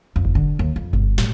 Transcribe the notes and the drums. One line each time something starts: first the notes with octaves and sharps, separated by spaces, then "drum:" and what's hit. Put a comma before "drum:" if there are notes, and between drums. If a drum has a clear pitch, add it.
F2
drum: kick F#1
D3
D#2
F2
G1, drum: kick F#1
A2, drum: snare